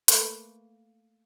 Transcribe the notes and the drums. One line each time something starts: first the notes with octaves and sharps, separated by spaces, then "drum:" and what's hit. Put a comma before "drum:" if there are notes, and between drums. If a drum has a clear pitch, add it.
A3 A#3 B4, drum: hi-hat